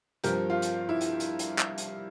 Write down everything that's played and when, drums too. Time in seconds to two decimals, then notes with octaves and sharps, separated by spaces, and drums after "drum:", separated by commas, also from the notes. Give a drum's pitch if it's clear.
0.24 G2 F3 C4 G4 A#4, drum: hi-hat
0.50 F4
0.62 drum: hi-hat
0.89 E4
1.01 drum: hi-hat
1.20 drum: hi-hat
1.39 drum: hi-hat
1.59 drum: clap
1.78 drum: hi-hat